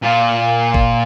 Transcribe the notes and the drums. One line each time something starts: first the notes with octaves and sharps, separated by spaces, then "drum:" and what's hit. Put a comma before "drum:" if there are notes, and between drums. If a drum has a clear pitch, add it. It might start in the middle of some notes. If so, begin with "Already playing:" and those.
A#2 F4
drum: kick